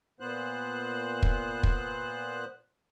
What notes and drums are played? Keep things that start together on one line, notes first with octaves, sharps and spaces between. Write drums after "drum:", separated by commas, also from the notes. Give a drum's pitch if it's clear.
A#2 B3 C5 F#6
drum: kick
drum: kick